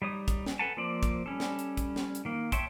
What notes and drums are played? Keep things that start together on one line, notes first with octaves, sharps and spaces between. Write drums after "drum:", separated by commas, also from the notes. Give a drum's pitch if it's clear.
G3 D#4 C#5 D#6
drum: kick, hi-hat
drum: snare
A4 B4 F#5 G#5 A5
F3 A#3 C4 D5
drum: kick, hi-hat
G3 C#4 A4
drum: snare
drum: hi-hat
drum: kick, hi-hat
drum: snare
drum: hi-hat
D#3 A#3
C#5 E5 G5 A5 C6, drum: kick, hi-hat